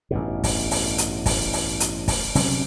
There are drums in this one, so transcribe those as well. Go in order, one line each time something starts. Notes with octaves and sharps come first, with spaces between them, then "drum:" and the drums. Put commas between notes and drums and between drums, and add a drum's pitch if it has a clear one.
A1 G2 B2
drum: kick, open hi-hat
drum: open hi-hat
drum: hi-hat
drum: kick, open hi-hat
drum: open hi-hat
drum: hi-hat
drum: kick, open hi-hat
C3 F#3 C#4, drum: open hi-hat